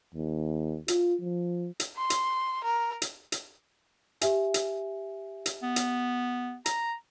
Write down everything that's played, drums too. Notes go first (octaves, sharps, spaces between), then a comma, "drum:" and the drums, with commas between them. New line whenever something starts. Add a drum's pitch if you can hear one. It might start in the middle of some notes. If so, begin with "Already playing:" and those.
D#2
F4, drum: hi-hat
F3
drum: hi-hat
C6
drum: hi-hat
A#4
drum: hi-hat
drum: hi-hat
G4 E5 G#5, drum: hi-hat
drum: hi-hat
drum: hi-hat
B3
drum: hi-hat
A#5, drum: hi-hat